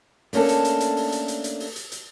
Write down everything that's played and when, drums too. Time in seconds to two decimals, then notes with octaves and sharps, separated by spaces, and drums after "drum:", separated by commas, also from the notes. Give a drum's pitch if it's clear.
0.33 A3 A#3 C#4 D4 A4, drum: open hi-hat
0.49 drum: hi-hat
0.65 drum: hi-hat
0.80 drum: hi-hat
0.96 drum: open hi-hat
1.12 drum: hi-hat
1.28 drum: hi-hat
1.44 drum: hi-hat
1.60 drum: open hi-hat
1.76 drum: hi-hat
1.92 drum: hi-hat